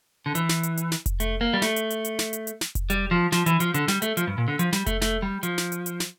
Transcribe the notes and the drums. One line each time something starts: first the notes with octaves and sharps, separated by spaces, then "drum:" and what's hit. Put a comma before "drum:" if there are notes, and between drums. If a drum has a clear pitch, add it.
D3
E3, drum: hi-hat
drum: snare
drum: hi-hat
drum: hi-hat
drum: snare
drum: kick F1, hi-hat
A3, drum: hi-hat
A#3
G3
A3, drum: snare
drum: hi-hat
drum: hi-hat
drum: hi-hat
drum: snare
drum: hi-hat
drum: hi-hat
drum: snare
drum: kick F1, hi-hat
G3, drum: hi-hat
F3
F3, drum: snare
E3, drum: hi-hat
F3, drum: hi-hat
D3, drum: hi-hat
G3, drum: snare
A3, drum: hi-hat
F3, drum: hi-hat
G2
A#2
D3
F3, drum: hi-hat
G3, drum: snare
A3, drum: kick F1, hi-hat
A3, drum: snare
G3
F3, drum: hi-hat
drum: snare
drum: hi-hat
drum: hi-hat
drum: snare